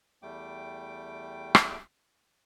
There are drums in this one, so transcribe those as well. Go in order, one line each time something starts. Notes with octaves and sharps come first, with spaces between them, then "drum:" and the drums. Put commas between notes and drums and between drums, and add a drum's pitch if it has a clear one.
E2 G3 A3 G5 D6
drum: rim click